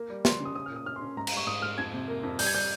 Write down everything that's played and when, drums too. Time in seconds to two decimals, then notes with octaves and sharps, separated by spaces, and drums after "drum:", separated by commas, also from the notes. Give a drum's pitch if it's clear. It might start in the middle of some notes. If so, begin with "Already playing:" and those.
Already playing: A#3
0.10 G3
0.25 G3 C6, drum: snare
0.40 C#3
0.45 D#6
0.55 C#4 D#6
0.66 A#2 F6
0.76 D#6
0.86 C#4 F6
0.96 C6
1.01 C#4
1.17 G#2 A#5
1.27 G3 A#5, drum: cymbal
1.37 C#6
1.47 G#2 D#6
1.62 G#2 F6
1.78 F2 G#6
1.94 C3
2.08 A#3
2.23 F2
2.39 G3 G6, drum: open hi-hat
2.46 G#6
2.54 G3 G6